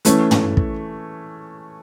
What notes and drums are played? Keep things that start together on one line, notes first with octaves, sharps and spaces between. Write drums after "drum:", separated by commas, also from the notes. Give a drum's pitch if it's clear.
E3 A3 C#4, drum: hi-hat
drum: tom
drum: kick